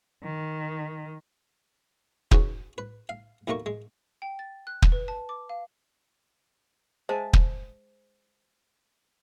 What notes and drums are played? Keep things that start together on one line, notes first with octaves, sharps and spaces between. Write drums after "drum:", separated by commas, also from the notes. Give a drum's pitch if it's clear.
D#3
C#4 D#4 F#4 G#4 B4 C#5, drum: kick
B4
F5
D#2 B2 A3 A#3 A#4 C#6
G#3
G5
A6
F#6
drum: kick
B4
A5
D6
F5
G#3 C5 E5 G#5 A5
drum: kick